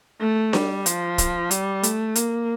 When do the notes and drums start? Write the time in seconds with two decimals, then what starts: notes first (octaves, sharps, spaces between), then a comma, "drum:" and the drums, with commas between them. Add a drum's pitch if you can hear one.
0.21 A3
0.53 G3, drum: snare D4
0.86 F3, drum: hi-hat
1.18 drum: kick, hi-hat
1.51 G3, drum: hi-hat
1.83 A3, drum: hi-hat
2.16 A#3, drum: hi-hat